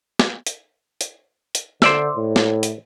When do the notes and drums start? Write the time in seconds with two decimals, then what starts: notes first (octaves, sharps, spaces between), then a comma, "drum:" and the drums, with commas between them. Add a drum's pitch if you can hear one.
0.19 drum: snare
0.47 drum: hi-hat
1.01 drum: hi-hat
1.55 drum: hi-hat
1.82 D3 C5 D5 E5, drum: snare
2.17 A2
2.36 drum: snare
2.63 drum: hi-hat